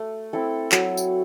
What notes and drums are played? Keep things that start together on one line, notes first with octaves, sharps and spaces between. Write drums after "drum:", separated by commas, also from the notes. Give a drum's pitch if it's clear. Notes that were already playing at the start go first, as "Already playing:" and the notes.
Already playing: A3
C4 E4 A4
F#3, drum: clap
drum: tambourine